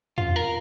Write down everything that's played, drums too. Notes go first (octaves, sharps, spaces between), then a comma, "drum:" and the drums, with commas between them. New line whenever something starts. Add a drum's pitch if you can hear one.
F4, drum: tom E2
A#4